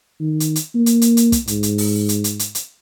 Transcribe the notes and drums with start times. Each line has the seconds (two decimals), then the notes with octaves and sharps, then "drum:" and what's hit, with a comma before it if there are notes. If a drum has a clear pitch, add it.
0.20 D#3
0.40 drum: hi-hat
0.56 drum: hi-hat
0.75 A#3
0.86 drum: hi-hat
1.02 drum: hi-hat
1.17 drum: hi-hat
1.32 drum: kick, hi-hat
1.47 G#2, drum: hi-hat
1.63 drum: hi-hat
1.78 drum: open hi-hat
2.09 drum: hi-hat
2.24 drum: hi-hat
2.39 drum: hi-hat
2.55 drum: hi-hat